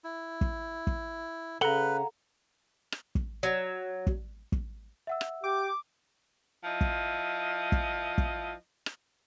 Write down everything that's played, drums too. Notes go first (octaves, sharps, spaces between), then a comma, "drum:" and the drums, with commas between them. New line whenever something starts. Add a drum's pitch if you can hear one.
E4
drum: kick
drum: kick
C#3 A4 B4 F#5 A#5 G7
drum: rim click
drum: kick
F#3
drum: kick
drum: kick
E5 F#5 E6
drum: rim click
G4 D6
F3 E4 D#5
drum: kick
drum: kick
drum: kick
drum: rim click